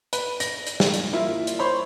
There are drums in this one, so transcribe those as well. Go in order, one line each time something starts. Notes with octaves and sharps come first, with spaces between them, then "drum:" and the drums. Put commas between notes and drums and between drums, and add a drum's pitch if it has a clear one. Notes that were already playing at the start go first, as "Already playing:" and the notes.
B4, drum: hi-hat
A#6, drum: hi-hat
drum: hi-hat
drum: snare
drum: hi-hat
A#3 E4 F4
drum: hi-hat
C5 C#5 B5 C6